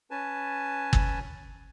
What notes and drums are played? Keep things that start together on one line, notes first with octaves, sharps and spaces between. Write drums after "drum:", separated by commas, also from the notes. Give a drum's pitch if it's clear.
C#4 B4 G#5 A5
drum: kick